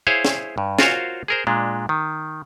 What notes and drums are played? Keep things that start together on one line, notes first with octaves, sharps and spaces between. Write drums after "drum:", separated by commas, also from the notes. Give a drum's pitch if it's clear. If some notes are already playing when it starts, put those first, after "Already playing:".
E4 G#4 C5 C#5 F5
drum: snare
G2
F4 F#4 A#4 C5 C#5 F5, drum: snare
G#4 A#4 C5
A#2 G#3 D4
D#3